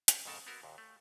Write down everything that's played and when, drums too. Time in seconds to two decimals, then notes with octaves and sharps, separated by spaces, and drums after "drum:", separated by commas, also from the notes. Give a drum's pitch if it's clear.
0.08 G4 C#5 D5 E5 F#5 G5, drum: hi-hat
0.26 F2 G#2 C#3 A4 A#4 A5
0.47 B3 C4 F#4 A#4
0.63 D#2 A#2
0.78 A3